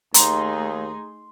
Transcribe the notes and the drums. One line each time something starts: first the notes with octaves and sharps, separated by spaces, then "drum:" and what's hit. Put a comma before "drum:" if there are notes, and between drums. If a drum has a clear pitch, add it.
D#2 A3 D#4 G#4 A#5 C6, drum: hi-hat